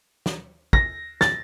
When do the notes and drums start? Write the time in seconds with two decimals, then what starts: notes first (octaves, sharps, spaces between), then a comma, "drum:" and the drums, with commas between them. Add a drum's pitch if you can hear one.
0.26 drum: snare
0.73 A#6, drum: kick
1.21 A6, drum: snare